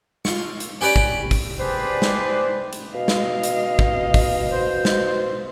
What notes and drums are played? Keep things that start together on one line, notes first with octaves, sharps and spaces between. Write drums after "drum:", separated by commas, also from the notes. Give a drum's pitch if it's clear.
F4 C#6, drum: snare
drum: hi-hat
C#4 G4 B4 D5
drum: kick
drum: kick, open hi-hat
G4 G#4 B4 C5 D5
drum: snare
drum: hi-hat
B2 D#5 F5
drum: snare
drum: hi-hat
drum: kick
drum: kick, open hi-hat
C5
drum: snare